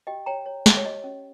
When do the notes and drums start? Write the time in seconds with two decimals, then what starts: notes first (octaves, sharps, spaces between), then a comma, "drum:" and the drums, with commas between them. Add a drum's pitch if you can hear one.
0.07 G4 D#5 G5
0.26 C#5 G5 A#5
0.46 C#5
0.66 G4, drum: snare
0.77 C#5
0.85 G4 D#5
1.04 C#4